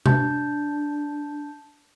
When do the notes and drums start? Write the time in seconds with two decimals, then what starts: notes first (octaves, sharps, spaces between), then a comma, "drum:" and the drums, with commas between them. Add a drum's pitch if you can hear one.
0.06 D4 A5 G6, drum: tom C3